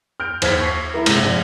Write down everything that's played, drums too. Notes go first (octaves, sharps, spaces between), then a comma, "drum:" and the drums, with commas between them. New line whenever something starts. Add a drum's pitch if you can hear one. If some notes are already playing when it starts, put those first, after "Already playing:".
F6 G6 D7
D#2 C5 F6 G#6 B6, drum: cymbal
C#6 B6 C7
E4 A4 A#4
G#2 C3, drum: cymbal
A#1